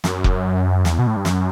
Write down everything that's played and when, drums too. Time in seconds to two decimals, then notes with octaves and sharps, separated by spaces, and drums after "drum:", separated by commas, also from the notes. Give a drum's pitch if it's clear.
0.04 F#2, drum: snare
0.24 drum: kick
0.85 E2, drum: snare
0.99 B2
1.07 A2
1.17 G2
1.25 F#2, drum: snare